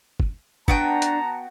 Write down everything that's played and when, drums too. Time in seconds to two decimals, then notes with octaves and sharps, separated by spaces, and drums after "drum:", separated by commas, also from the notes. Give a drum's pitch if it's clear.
0.20 drum: kick
0.68 B3 D4 F#4 G5 A5 A#5, drum: kick
1.02 drum: hi-hat